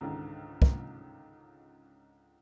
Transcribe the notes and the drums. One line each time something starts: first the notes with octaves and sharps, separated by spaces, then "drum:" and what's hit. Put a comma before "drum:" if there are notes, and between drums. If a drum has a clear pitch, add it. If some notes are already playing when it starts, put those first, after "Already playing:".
C#2 G#2 D3 D#3
drum: kick